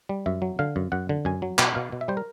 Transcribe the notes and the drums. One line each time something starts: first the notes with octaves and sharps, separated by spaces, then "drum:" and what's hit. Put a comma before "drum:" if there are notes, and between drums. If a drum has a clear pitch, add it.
G3
F#2 E5
F#3
D3 F5
F#2
F#2 F#5
D3
F#2 G#5
F#3
B2 G5, drum: clap
B2 F5
B2
E5
G3 C5
A#4